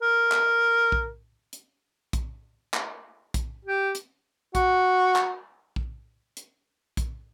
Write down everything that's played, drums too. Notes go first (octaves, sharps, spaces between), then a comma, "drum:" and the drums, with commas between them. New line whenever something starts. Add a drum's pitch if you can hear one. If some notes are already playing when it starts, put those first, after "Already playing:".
A#4
drum: clap
drum: kick A#1
drum: hi-hat
drum: kick A#1, hi-hat
drum: clap
drum: kick A#1, hi-hat
G4
drum: hi-hat
F#4, drum: kick A#1, hi-hat
drum: clap
drum: kick A#1
drum: hi-hat
drum: kick A#1, hi-hat